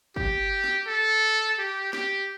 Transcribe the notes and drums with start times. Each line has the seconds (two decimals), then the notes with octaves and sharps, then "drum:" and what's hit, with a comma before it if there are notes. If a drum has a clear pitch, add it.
0.16 G4, drum: kick
0.64 drum: snare
0.87 A4
1.59 G4
1.93 G4, drum: snare